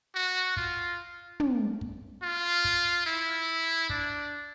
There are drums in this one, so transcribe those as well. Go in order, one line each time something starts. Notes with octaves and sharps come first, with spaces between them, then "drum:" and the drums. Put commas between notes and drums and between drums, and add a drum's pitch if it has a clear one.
F#4
F4, drum: kick
drum: tom
drum: kick
F4
drum: kick
E4
D4, drum: kick